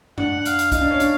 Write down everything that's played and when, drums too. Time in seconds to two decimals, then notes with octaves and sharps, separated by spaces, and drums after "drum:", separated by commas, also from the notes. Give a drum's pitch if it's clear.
0.18 D4 F#5, drum: tom F2
0.39 F#5
0.45 F5, drum: hi-hat
0.59 drum: hi-hat
0.72 D#4 F5, drum: kick, hi-hat
0.81 D4
0.90 C#4
1.00 D4, drum: hi-hat